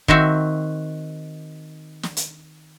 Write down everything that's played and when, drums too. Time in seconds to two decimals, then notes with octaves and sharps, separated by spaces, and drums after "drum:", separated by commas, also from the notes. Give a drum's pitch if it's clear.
0.08 D#3 C4 F#4 E5, drum: kick
2.03 drum: snare
2.17 drum: hi-hat